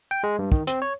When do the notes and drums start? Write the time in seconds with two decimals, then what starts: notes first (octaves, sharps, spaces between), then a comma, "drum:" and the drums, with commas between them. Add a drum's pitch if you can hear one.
0.11 G5
0.23 G#3
0.39 G2
0.52 D#3, drum: kick
0.67 C4, drum: hi-hat
0.82 C#5